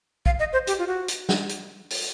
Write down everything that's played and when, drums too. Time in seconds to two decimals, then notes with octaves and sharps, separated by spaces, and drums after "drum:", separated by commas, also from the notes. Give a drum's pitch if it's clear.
0.26 F5, drum: kick
0.39 D#5
0.53 C5
0.67 G4, drum: hi-hat
0.79 F4
0.87 F#4
1.08 drum: hi-hat
1.29 drum: snare
1.49 drum: hi-hat
1.90 drum: open hi-hat